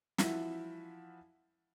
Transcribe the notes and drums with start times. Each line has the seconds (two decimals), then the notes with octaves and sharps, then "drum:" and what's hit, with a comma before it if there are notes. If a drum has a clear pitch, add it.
0.18 E3 F3 E4 F#4 E5, drum: snare